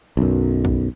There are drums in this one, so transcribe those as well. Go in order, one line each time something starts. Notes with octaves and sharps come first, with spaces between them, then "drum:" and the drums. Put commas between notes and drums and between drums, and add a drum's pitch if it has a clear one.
B1 F#2
drum: kick A#1